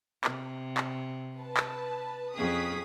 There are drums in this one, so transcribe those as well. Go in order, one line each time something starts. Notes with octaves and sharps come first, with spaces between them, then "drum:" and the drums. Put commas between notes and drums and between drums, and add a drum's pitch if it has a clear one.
C3, drum: clap
drum: clap
B4 A5
drum: clap
F2 C#4 G#4 D#6 B6